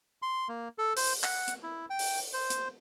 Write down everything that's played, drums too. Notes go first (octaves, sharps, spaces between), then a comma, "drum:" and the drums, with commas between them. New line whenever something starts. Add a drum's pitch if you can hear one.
C6
A#3
A4
C5, drum: open hi-hat
F#5, drum: clap
drum: hi-hat
E4
G5
drum: open hi-hat
C5
drum: hi-hat